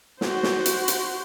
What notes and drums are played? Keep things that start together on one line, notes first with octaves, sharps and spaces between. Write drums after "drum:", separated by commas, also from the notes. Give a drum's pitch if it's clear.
F#4 C5, drum: snare
drum: snare
drum: hi-hat
drum: hi-hat